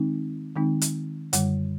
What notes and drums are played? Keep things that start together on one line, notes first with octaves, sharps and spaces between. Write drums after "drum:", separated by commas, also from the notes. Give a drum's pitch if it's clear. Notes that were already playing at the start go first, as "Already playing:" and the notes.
Already playing: D#3 G#3 C4 D#4
D#3 G#3 C4 D#4
drum: hi-hat
F#2 D3 G3, drum: hi-hat